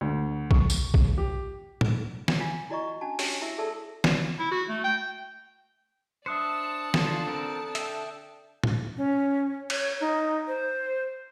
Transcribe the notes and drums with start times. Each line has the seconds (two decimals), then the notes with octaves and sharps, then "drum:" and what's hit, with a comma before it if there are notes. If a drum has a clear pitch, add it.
0.01 D2
0.51 C#6, drum: kick A#1
0.70 drum: tambourine
0.94 drum: kick A#1
1.18 G4
1.81 drum: tom A2
2.28 drum: snare
2.40 F4 G#5
2.70 E4 F#4 D5 D#5 A#5 C#6
3.01 C#4 D4 F#4 G#5 A5
3.19 C#4 D4 F#4 G4 C#5, drum: open hi-hat
3.41 E4 F#4 G4 E5 E6
3.58 G#4 A4 D5 E5 A5 E6
4.04 drum: snare
4.39 E4
4.51 F#4
4.69 A3
4.84 G5
6.26 D4 C5 E5 A5 D#6 F#6 C#7
6.94 D3 F4, drum: snare
7.27 C4 A#4
7.75 E5 G5, drum: hi-hat
8.64 drum: tom A2
8.97 C#4
9.70 C#5, drum: cymbal
10.00 D#4
10.47 C5